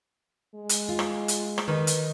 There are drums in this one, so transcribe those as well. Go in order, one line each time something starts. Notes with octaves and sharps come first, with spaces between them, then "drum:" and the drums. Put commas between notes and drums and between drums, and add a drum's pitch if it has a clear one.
G#3
drum: hi-hat
F4
drum: rim click
drum: hi-hat
drum: rim click
D#3 B4
drum: hi-hat